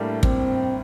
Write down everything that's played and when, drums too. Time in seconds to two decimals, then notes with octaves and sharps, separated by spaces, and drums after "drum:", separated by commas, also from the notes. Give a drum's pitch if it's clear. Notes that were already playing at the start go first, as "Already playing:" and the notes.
Already playing: A2 G3 A3 A#3 D4 G4
0.23 C4, drum: kick